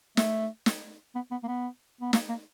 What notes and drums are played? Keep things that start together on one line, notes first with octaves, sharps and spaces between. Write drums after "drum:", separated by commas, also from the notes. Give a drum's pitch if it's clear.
A3, drum: snare
drum: snare
B3
B3
A#3
B3
B3
A#3, drum: snare
A#3